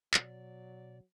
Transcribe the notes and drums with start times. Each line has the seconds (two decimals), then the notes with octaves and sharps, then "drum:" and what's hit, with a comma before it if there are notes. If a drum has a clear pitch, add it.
0.14 B2 F#3 D5, drum: clap